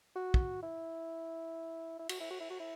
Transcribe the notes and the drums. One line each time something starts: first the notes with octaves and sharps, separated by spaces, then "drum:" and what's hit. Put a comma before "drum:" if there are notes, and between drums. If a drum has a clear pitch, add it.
F#4
drum: kick
E4
E4
F#4, drum: cymbal
E4
F#4
E4
F#4
E4